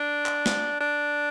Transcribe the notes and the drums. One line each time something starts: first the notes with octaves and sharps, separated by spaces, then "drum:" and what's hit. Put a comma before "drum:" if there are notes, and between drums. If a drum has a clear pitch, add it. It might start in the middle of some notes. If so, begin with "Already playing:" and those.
Already playing: D4
drum: clap
drum: snare
D4